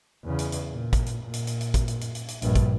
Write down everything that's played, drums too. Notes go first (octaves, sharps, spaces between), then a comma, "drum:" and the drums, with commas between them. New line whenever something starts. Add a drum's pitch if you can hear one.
E2 C#3
drum: hi-hat
drum: hi-hat
A#2
drum: kick A1, hi-hat
drum: hi-hat
A#2
drum: hi-hat
drum: hi-hat
drum: hi-hat
drum: kick A1, hi-hat
drum: hi-hat
drum: hi-hat
drum: hi-hat
drum: hi-hat
A#1 G2, drum: hi-hat
drum: kick A1, hi-hat